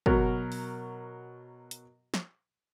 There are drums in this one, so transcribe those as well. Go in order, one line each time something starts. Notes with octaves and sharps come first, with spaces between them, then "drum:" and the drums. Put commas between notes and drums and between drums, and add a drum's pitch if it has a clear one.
B2 F#3 A#4, drum: kick
drum: open hi-hat
drum: hi-hat
drum: snare